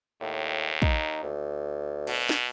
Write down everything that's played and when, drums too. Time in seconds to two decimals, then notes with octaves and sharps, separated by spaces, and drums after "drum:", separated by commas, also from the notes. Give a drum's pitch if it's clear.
0.21 D#2 A2
0.82 D#4, drum: kick
1.23 D2
2.07 B2, drum: cymbal
2.29 drum: snare